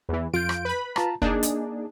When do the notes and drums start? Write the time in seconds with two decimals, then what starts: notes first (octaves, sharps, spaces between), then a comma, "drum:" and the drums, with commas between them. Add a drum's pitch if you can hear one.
0.09 E2 E3
0.33 F2 F4 G6 D7
0.49 drum: rim click
0.65 B4 B5
0.96 F4 A5 A#5, drum: rim click
1.22 A#3 D4 D#4 G#4, drum: kick
1.43 drum: hi-hat